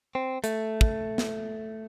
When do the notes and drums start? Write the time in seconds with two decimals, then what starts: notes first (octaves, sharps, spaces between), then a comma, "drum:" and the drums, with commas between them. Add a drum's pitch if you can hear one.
0.15 C4
0.44 A3, drum: hi-hat
0.81 drum: kick
1.18 drum: snare